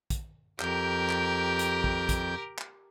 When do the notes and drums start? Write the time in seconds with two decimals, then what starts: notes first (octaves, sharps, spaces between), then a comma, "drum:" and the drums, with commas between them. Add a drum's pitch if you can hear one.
0.10 drum: kick, hi-hat
0.60 F2 G4 A#4 G6, drum: clap
1.10 drum: clap
1.59 drum: hi-hat
1.84 drum: kick
2.09 drum: kick, hi-hat
2.59 drum: clap